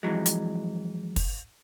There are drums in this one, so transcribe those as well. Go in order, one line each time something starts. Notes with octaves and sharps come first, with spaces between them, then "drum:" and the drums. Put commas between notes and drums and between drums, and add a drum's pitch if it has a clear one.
F2 E3 F#3 G#3
drum: hi-hat
drum: kick, open hi-hat